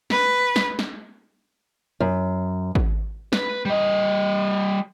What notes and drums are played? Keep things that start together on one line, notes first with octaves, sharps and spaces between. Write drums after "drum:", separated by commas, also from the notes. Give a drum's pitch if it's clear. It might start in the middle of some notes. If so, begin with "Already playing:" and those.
B4, drum: snare
drum: snare
drum: snare
F#2
drum: kick G#1
B4, drum: snare
G3 D#5